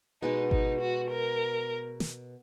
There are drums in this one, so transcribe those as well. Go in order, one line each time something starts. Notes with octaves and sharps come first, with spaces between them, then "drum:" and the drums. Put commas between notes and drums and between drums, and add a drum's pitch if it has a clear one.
B2 G#3 B3 D#4
D#4, drum: kick G#1
F#4
A#4
drum: snare